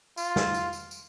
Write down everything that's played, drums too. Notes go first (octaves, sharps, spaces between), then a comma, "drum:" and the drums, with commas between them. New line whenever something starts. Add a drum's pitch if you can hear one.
F4, drum: tambourine
drum: snare
drum: tambourine
drum: tambourine
drum: tambourine